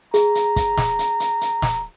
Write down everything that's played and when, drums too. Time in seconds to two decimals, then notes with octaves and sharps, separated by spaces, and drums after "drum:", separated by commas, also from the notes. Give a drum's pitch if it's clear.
0.14 G#4 A#5, drum: hi-hat
0.35 drum: hi-hat
0.56 drum: kick, hi-hat
0.78 drum: snare
0.99 drum: hi-hat
1.20 drum: hi-hat
1.41 drum: hi-hat
1.62 drum: snare